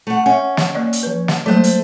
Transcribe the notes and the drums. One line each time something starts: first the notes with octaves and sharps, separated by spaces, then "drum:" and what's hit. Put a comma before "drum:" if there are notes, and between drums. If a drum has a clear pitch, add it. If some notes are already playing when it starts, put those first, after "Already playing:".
A3 F#5
C#4 E5 G#5
drum: snare
A#3 D5 D#5
drum: hi-hat
F3 B4
drum: snare
F#3 G3 A3 A#3 C5
drum: hi-hat